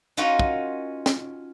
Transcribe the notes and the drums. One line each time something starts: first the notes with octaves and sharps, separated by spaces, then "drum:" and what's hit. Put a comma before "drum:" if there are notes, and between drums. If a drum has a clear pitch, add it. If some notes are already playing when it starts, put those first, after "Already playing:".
C#4 D#4 F4 F#4 A#4
drum: kick
drum: snare